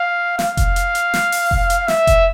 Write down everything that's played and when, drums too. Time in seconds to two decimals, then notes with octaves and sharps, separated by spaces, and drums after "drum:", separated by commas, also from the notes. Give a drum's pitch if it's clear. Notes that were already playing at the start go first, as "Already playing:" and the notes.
Already playing: F5
0.39 F5, drum: snare
0.57 drum: kick F1, hi-hat
0.76 drum: hi-hat
0.95 drum: hi-hat
1.14 drum: snare
1.32 drum: open hi-hat
1.51 drum: kick F1
1.70 drum: hi-hat
1.88 E5, drum: snare
2.07 drum: kick F1, hi-hat